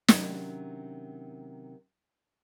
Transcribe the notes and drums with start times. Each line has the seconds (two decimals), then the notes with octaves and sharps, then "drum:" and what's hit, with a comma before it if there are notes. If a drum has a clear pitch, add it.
0.08 C3 D#3 F#3 C#4 D4, drum: snare